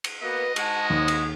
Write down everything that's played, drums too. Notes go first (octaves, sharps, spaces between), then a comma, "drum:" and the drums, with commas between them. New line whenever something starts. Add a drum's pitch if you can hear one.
drum: cymbal
A#3 B3 F#4 B4 D#5
G#2 G#3 F#4 A5, drum: cymbal
D#2 C#5 D#6
drum: cymbal